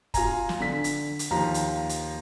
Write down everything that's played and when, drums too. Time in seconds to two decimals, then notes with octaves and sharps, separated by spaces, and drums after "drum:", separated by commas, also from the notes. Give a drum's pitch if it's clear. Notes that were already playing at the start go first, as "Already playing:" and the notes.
0.14 F4 F5 G#5 A#5, drum: kick, hi-hat
0.49 drum: snare
0.60 D3 B6
0.84 drum: hi-hat
1.19 drum: hi-hat
1.31 D#2 F3 F5 A#5
1.54 drum: hi-hat
1.89 drum: hi-hat